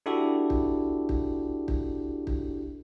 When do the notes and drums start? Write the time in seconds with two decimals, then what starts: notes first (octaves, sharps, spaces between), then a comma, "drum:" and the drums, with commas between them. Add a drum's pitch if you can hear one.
0.06 D4 E4 F#4 G4 A4
0.50 drum: kick
1.09 drum: kick
1.68 drum: kick
2.27 drum: kick